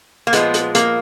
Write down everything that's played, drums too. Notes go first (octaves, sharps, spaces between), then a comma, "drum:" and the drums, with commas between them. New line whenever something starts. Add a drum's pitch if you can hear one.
A#3
A#2 F3 G#3 B3, drum: hi-hat
drum: hi-hat
A#3, drum: hi-hat